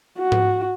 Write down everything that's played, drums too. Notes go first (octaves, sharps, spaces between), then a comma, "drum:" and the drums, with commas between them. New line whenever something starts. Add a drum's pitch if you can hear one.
F#4
drum: tom G#2